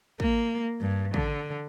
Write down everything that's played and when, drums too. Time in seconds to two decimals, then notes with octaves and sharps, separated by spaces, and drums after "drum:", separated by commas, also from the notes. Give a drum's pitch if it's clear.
0.20 A#3, drum: kick
0.80 G2
1.14 D3, drum: kick